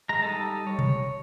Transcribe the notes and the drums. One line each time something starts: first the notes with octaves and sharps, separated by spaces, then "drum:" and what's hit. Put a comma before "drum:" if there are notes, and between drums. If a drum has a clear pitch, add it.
G#3 A#5
G3 D#4 A4 A5
C#5
drum: tom B2